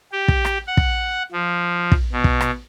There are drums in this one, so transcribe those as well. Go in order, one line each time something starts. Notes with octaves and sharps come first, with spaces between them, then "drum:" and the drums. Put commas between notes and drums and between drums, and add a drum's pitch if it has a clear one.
G4
drum: kick
drum: rim click
F#5
drum: kick
F3
drum: kick
B2
drum: kick
drum: rim click